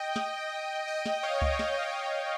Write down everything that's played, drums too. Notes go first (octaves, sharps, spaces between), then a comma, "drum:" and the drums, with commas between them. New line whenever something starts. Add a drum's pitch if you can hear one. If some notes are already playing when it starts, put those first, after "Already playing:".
Already playing: D#5 G5
drum: snare
D#5 G5
drum: snare
C#5 F5
drum: kick C#2
C#5 F5, drum: snare
D#5 G5
D#5 G5